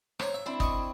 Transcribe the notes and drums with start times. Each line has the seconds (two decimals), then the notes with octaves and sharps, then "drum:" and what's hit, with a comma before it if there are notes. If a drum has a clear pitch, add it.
0.20 C5 C#5 A#5, drum: rim click
0.34 E5
0.46 C4 D4 E4
0.60 D#5 C#6, drum: kick